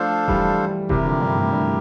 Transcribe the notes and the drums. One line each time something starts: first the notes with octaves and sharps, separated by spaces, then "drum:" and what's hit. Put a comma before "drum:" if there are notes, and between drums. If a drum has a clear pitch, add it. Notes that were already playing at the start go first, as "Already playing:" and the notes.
Already playing: F3 A3 D4 A4 C5 F5
E3 G3, drum: kick E1
C3 E3 E4 G4 A#4, drum: kick E1
D3 F3
G2
A2
G2